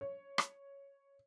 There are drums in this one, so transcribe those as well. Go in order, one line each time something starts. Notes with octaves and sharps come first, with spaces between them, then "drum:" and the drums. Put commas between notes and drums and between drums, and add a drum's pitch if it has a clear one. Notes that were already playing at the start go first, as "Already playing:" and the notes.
C#5
drum: rim click